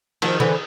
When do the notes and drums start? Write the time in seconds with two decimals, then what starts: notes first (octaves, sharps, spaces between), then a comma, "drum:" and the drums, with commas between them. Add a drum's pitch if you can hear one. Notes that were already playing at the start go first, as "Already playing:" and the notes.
0.22 D#3 F3, drum: cymbal
0.40 D3 E3